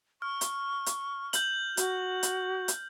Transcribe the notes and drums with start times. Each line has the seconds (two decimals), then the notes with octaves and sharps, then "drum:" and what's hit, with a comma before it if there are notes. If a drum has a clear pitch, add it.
0.22 C#6 F6
0.41 drum: hi-hat
0.86 drum: hi-hat
1.33 G6 F#7, drum: hi-hat
1.77 F#4, drum: hi-hat
2.23 drum: hi-hat
2.68 drum: hi-hat